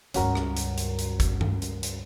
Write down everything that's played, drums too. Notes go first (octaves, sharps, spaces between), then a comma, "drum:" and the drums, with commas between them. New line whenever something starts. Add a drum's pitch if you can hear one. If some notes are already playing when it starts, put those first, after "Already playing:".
C#2 G2 C#4 F#4 A#4, drum: hi-hat
drum: rim click
drum: hi-hat
drum: hi-hat
drum: hi-hat
drum: kick G#1, hi-hat
drum: tom G2
drum: hi-hat
drum: hi-hat